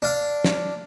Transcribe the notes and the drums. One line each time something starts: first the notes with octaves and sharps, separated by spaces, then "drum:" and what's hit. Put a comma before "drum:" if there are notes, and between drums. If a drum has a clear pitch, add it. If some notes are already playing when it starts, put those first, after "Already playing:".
D4 F5
drum: snare